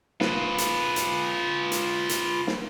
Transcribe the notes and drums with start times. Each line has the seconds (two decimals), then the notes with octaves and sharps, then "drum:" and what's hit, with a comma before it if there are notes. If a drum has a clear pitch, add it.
0.21 F4 B4, drum: snare
0.58 drum: hi-hat
0.96 drum: hi-hat
1.72 drum: hi-hat
2.09 drum: hi-hat
2.47 drum: snare